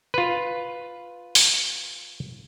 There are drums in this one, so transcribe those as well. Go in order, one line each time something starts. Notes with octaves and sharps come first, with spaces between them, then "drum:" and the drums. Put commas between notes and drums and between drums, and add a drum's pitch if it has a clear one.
F4 B4
drum: open hi-hat